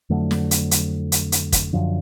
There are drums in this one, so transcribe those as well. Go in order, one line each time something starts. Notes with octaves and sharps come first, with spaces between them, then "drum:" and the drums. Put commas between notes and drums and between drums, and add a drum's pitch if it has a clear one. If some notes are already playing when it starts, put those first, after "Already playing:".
F2 D3 F#3 A3
drum: snare
drum: hi-hat
drum: hi-hat
drum: hi-hat
drum: hi-hat
drum: kick, hi-hat
F#2 D3 F3